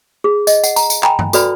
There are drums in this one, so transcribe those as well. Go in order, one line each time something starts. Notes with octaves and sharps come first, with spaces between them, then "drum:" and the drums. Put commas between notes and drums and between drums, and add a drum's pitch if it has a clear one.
G#4
D#5, drum: tambourine
F#5, drum: tambourine
A#5, drum: tambourine
drum: tambourine
G5 G#5 A#5 B5, drum: clap
drum: tom G2
F#4 A4 B4 D5 B5, drum: tambourine